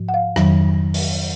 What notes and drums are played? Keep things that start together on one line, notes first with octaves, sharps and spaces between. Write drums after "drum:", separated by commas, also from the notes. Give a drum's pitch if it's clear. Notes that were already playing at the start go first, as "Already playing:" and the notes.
Already playing: G#2 F3
F#5
F5
F2 D#3 F#3, drum: rim click
drum: open hi-hat